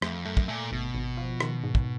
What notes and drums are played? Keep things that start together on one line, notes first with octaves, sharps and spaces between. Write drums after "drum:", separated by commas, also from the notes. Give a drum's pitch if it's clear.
F2 A3, drum: rim click
F#2 A3
drum: kick
A#2 A3
G#1 B2
G#1
F3
D#3, drum: rim click
G#2
drum: kick